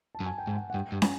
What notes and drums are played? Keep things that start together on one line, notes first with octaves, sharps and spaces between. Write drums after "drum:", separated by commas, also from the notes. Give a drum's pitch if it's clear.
A5
F#2
G#5
G5
G#2
F#5
F#5
G2 G5
G2
G#5, drum: snare